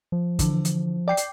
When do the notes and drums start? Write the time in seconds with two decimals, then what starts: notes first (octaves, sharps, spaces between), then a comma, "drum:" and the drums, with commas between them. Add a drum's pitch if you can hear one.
0.12 F3
0.39 D3 E3, drum: kick, hi-hat
0.65 drum: hi-hat
1.08 D5 G5 C7
1.17 drum: hi-hat